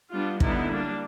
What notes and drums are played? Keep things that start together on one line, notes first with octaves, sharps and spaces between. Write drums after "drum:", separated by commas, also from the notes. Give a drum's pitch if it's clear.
G3 B3 D4 F4
D3 G3 B3 D#4 E4, drum: kick
G3 A#3 D4